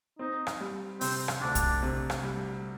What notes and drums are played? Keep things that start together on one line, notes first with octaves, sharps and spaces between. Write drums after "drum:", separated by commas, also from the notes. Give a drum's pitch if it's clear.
C4 D#4
drum: rim click
G3
C3 C4, drum: open hi-hat
drum: rim click
D2 D4
drum: kick, hi-hat
C3
drum: rim click
G3